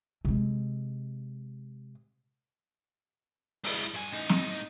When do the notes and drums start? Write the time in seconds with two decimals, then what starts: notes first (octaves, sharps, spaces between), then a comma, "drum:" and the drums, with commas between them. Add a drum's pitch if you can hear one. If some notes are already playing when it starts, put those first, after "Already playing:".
0.25 C3 G#3
3.64 G#3 E4, drum: open hi-hat
3.94 G2 G#5
4.12 A2 D#4
4.29 drum: snare